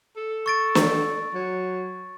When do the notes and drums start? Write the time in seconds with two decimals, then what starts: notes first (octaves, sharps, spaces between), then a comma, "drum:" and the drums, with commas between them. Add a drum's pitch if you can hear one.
0.17 A4
0.46 C#6 A6 D7
0.75 drum: snare
1.34 F#3